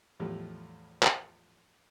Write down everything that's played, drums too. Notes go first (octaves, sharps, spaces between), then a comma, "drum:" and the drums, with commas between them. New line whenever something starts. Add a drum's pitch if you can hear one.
E2 A2 F3 G3
drum: clap